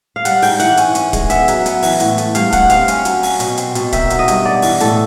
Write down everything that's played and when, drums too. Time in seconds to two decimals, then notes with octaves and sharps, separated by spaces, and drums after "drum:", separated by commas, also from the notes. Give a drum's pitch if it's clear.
0.16 F5
0.25 G3 F#5, drum: hi-hat
0.42 G#2 G5, drum: open hi-hat
0.60 E3 F#5, drum: hi-hat
0.77 C#4, drum: hi-hat
0.95 C#4, drum: hi-hat
1.13 G#3, drum: kick, hi-hat
1.30 B3 E5, drum: hi-hat
1.48 F#3, drum: hi-hat
1.66 B3, drum: hi-hat
1.82 E3, drum: open hi-hat
2.00 A2, drum: hi-hat
2.18 A3, drum: hi-hat
2.35 G2 F5, drum: hi-hat
2.52 G2 F#5, drum: kick, hi-hat
2.70 C4 F5, drum: hi-hat
2.88 C#4, drum: hi-hat
3.05 F#3, drum: hi-hat
3.23 C#4, drum: open hi-hat
3.40 B2, drum: hi-hat
3.57 C4, drum: hi-hat
3.75 B2, drum: hi-hat
3.93 D#3 E5, drum: kick, hi-hat
4.10 F#3, drum: hi-hat
4.19 D#5
4.28 G2, drum: hi-hat
4.45 B3 D5
4.62 E3, drum: open hi-hat
4.80 A2 A4, drum: hi-hat